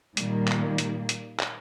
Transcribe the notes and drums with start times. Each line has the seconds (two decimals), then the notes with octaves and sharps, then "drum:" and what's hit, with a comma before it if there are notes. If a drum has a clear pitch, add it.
0.17 A#2 D#3 G3 A#3, drum: hi-hat
0.48 drum: clap
0.78 drum: hi-hat
1.09 drum: hi-hat
1.40 drum: clap